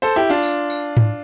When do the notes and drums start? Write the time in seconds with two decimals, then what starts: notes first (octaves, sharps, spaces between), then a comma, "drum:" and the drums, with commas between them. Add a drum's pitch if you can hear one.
0.02 A4 C5
0.16 E4 G4
0.30 D4 F4
0.43 drum: tambourine
0.70 drum: tambourine
0.97 drum: tom G#2